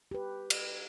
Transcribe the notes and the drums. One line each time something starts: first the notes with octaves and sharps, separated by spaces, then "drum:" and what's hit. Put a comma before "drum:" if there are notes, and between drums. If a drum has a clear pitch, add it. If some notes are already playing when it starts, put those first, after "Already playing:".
G4 B4
drum: cymbal